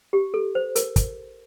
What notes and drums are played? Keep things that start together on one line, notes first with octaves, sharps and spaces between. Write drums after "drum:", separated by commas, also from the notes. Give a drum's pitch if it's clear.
G4
A4
C5
A#4, drum: hi-hat
drum: kick, hi-hat